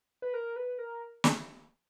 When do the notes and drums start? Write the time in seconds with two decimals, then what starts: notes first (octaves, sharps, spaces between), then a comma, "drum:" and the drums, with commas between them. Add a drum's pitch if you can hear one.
0.22 B4
0.34 A#4
0.56 B4
0.78 A#4
1.24 drum: snare